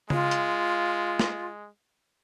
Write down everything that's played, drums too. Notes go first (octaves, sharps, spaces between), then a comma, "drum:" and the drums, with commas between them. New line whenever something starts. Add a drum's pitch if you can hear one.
G#3 F4, drum: tom C#3
drum: hi-hat
drum: snare